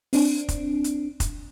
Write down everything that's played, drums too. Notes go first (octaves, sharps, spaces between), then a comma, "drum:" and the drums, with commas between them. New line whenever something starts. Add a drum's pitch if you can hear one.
C4 D4, drum: open hi-hat
drum: kick F1, hi-hat
drum: hi-hat
drum: kick F1, hi-hat